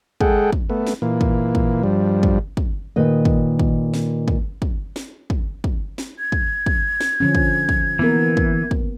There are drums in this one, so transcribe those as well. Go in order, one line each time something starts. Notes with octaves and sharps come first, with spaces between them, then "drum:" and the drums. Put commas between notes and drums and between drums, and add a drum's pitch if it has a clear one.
G#3 G#4 A4 F#5 G5, drum: kick
drum: kick
A3 B3
drum: snare
A#2 E3 A#3
drum: kick
drum: kick
G2 F3 G3
drum: kick
drum: kick
A#2 D#3 B4 D#5
drum: kick
drum: kick
drum: snare
drum: kick
drum: kick
drum: snare
drum: kick
drum: kick
drum: snare
G#6
drum: kick
drum: kick
drum: snare
D3 F3 C#4
drum: kick
drum: kick
E3 A#3 B3 A#4
drum: kick
drum: kick